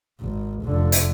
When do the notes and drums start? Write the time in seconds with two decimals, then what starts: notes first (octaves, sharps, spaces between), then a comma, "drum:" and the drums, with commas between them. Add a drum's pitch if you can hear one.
0.21 G#1
0.64 F1 D3
0.92 drum: hi-hat